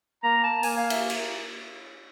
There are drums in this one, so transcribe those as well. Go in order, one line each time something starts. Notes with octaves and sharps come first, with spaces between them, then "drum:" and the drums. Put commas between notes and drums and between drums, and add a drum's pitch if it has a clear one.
A#3 A#5
A5
A#3 G#5, drum: open hi-hat
F5
E5, drum: cymbal
drum: cymbal